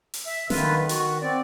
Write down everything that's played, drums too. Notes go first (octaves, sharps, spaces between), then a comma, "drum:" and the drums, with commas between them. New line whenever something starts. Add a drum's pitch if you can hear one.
drum: open hi-hat
E5
D3 D#3 F4 B4, drum: snare
F#4, drum: hi-hat
C4 D5